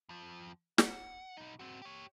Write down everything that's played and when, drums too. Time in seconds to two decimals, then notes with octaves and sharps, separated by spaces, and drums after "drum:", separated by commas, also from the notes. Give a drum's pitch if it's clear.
0.09 F2 F3
0.78 F#5, drum: snare
1.37 B2 D#4
1.59 C4 F#4
1.82 G4 C#5